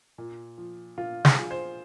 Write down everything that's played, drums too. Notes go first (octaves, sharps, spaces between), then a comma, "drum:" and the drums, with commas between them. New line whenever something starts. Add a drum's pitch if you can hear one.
A#2
F3
A#2 F4
G#4, drum: snare
F3
C5